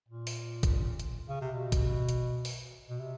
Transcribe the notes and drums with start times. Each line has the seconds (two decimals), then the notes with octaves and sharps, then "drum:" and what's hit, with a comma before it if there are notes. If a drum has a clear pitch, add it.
0.08 A#2
0.27 drum: open hi-hat
0.63 drum: kick, hi-hat
0.99 drum: hi-hat
1.29 C#3
1.41 C3
1.54 B2
1.72 drum: kick, hi-hat
2.09 drum: hi-hat
2.45 drum: open hi-hat
2.89 B2
3.00 C3